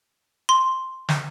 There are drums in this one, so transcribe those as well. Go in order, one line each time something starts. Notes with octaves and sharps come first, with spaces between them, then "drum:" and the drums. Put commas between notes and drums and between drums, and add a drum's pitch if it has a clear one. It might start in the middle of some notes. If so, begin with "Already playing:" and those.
C6
drum: snare